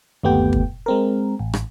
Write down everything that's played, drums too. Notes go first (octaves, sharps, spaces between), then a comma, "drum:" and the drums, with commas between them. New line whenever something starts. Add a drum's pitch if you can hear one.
G1 D#2 A3 B3 G4 G5
drum: kick
G#3 C4 A#4
A1
drum: rim click